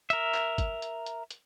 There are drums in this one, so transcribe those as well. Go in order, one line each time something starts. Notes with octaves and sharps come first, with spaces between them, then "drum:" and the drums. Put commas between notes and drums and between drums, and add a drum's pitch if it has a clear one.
A#4 E5, drum: hi-hat
drum: clap
drum: kick G1, hi-hat
drum: hi-hat
drum: hi-hat
drum: hi-hat